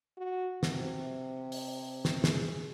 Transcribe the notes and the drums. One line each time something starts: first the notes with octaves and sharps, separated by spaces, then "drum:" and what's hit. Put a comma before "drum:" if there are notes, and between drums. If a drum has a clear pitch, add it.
F#4
C3, drum: snare
drum: open hi-hat
drum: snare
G#4, drum: snare